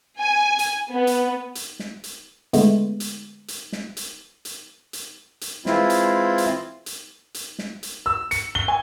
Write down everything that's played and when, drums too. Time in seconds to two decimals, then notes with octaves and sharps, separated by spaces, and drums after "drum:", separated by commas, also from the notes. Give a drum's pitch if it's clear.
0.19 G#5
0.59 drum: hi-hat
0.93 B3
1.07 drum: hi-hat
1.55 drum: hi-hat
1.79 drum: snare
2.04 drum: hi-hat
2.53 D3 G#3 A3 B3, drum: hi-hat
3.00 drum: hi-hat
3.48 drum: hi-hat
3.72 drum: snare
3.97 drum: hi-hat
4.45 drum: hi-hat
4.93 drum: hi-hat
5.41 drum: hi-hat
5.66 E3 G#3 C4 E4 F4, drum: snare
5.90 drum: hi-hat
6.38 drum: hi-hat
6.86 drum: hi-hat
7.34 drum: hi-hat
7.59 drum: snare
7.83 drum: hi-hat
8.06 E6
8.31 C#7, drum: hi-hat
8.55 G7
8.68 G#5